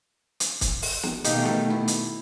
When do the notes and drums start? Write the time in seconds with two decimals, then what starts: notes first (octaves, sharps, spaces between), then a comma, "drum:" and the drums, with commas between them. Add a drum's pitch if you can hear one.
0.40 drum: hi-hat
0.61 drum: kick, hi-hat
0.82 drum: open hi-hat
1.03 drum: snare
1.24 B2 D#3 A3 D#4 G4 F5, drum: hi-hat
1.45 drum: snare
1.70 E4
1.88 drum: hi-hat